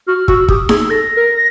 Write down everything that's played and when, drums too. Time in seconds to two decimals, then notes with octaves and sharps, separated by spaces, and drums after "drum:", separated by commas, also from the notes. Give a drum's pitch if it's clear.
0.08 F#4 F6
0.28 F#4 E6, drum: kick
0.48 G4 D#6, drum: kick
0.69 G#4 E6, drum: snare D#4
0.90 A4 A#6
1.17 A#4